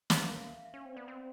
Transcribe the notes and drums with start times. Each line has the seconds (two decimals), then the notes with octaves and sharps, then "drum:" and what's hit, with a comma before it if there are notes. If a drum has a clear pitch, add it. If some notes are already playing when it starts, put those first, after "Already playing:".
0.10 B3 E5, drum: snare
0.19 F5
0.28 A#3 E5
0.38 F5
0.47 E5
0.56 F5
0.65 E5
0.74 C#4
0.85 C4
0.95 B3 D5
1.08 C4